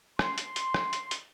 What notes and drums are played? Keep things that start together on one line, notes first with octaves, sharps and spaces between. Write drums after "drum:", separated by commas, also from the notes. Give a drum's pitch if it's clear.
C6, drum: rim click
drum: hi-hat
drum: hi-hat
drum: rim click
drum: hi-hat
drum: hi-hat